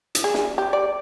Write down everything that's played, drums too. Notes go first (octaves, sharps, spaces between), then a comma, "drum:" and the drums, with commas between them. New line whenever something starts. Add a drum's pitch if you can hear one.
drum: hi-hat
G#4
drum: snare
G4
D5